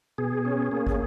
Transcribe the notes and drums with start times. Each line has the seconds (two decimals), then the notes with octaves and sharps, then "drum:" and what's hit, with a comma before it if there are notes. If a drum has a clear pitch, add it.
0.18 B2 G#4
0.45 C#4
0.71 A#3
0.87 drum: kick